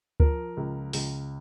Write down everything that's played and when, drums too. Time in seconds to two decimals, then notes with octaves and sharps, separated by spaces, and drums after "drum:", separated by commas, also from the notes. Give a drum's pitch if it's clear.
0.20 F3 A#4, drum: kick D2
0.57 C#2
0.93 C#2, drum: open hi-hat